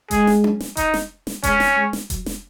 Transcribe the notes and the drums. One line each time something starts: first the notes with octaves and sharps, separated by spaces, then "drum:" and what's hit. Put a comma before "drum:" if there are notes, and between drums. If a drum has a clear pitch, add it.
G#3 G#4, drum: kick F1, hi-hat
drum: snare
drum: tom C#4
drum: snare
D#4, drum: kick F1, hi-hat
drum: snare
drum: snare
G#3 C#4, drum: kick F1, hi-hat
drum: snare
G#3
drum: snare
F#3, drum: kick F1, hi-hat
drum: snare